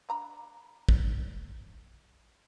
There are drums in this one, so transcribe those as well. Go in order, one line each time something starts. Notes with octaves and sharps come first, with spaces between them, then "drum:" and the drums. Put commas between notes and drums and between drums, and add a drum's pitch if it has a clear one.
D4 A#5 B5
drum: kick